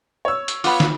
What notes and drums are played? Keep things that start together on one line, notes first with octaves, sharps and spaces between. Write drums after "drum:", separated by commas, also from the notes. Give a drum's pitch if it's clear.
C#5 E6
drum: hi-hat
B3 F4 B5 D6, drum: open hi-hat
drum: snare